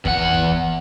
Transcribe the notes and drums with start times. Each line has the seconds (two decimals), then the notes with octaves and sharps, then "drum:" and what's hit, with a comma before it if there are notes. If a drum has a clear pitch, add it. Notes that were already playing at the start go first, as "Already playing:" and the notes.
0.05 E2 F#5, drum: kick
0.34 drum: kick